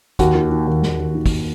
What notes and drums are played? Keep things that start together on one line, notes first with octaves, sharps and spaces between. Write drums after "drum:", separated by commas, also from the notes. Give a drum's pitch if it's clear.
D#2 F#4, drum: kick, hi-hat
D#3
D#3
D#2
D#2, drum: snare
D#2
D#3
drum: kick, open hi-hat